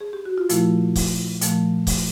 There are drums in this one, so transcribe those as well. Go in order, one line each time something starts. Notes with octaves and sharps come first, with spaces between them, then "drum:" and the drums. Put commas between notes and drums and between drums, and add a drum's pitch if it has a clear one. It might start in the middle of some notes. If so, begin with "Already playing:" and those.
G#4
G4
F#4
F4
A#2 F3 A3 E4, drum: hi-hat
drum: kick, open hi-hat
A#2 F3 A3, drum: hi-hat
drum: kick, open hi-hat